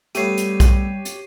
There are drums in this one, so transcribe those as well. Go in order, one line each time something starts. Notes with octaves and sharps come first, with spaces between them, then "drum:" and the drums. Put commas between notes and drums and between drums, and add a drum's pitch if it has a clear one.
G3 A3 B3 G4 C#5 C7 D#7, drum: hi-hat
drum: hi-hat
drum: kick, hi-hat
drum: hi-hat